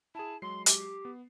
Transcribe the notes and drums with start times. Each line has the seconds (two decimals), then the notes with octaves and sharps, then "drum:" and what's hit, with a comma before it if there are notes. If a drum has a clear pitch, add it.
0.15 E4 G#4 A5
0.42 F#3 G#3 C6 C7
0.66 G4, drum: hi-hat
1.05 B3